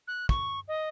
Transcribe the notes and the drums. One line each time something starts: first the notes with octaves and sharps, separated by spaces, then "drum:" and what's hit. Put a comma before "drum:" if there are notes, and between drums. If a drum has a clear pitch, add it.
F#6
C#6, drum: kick
D#5